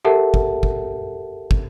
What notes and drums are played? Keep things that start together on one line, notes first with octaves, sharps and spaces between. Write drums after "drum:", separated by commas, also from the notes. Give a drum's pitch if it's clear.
G4 A4 A#4 E5 F#5 A5
drum: kick
drum: kick
drum: kick